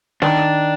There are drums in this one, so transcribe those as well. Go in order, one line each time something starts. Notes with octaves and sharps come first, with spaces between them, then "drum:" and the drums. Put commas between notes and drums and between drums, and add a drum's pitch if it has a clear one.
D#3 D4, drum: snare